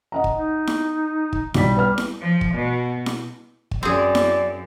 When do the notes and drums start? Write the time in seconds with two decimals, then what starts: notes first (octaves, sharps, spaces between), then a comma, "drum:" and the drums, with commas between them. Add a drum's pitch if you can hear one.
0.12 D#5 F#5 A#5
0.24 drum: kick
0.35 D#4
0.67 drum: snare E4
1.33 drum: kick
1.54 B1 G3 B6, drum: snare E4
1.77 B4 F6
1.98 drum: snare E4
2.21 F3
2.41 drum: kick
2.54 B2
3.06 drum: snare E4
3.71 drum: kick
3.83 F#2 C4 G#4 D5
4.15 drum: snare E4